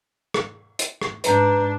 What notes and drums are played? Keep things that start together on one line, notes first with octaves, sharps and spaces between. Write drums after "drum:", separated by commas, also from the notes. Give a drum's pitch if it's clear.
drum: rim click
drum: hi-hat
drum: rim click
G#2 D4 B4 A#5 G6, drum: hi-hat